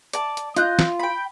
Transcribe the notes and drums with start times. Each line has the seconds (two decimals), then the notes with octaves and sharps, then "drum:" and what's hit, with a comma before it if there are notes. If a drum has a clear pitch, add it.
0.13 D5 A5, drum: hi-hat
0.37 drum: hi-hat
0.57 F4 D#5 F#6 G6, drum: hi-hat
0.79 drum: snare
0.99 G5 B5